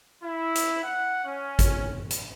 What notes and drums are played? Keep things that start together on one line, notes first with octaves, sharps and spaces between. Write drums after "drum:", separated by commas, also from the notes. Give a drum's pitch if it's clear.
E4
drum: hi-hat
F#5
C#4
drum: kick G#1, hi-hat
drum: hi-hat